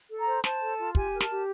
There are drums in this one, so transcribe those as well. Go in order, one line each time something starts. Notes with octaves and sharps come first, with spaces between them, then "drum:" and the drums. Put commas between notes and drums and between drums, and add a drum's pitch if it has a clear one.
A4
A#5
C5
C5 A5, drum: snare
A4
F4
G4 G#5, drum: kick
A#4
A5, drum: snare
G4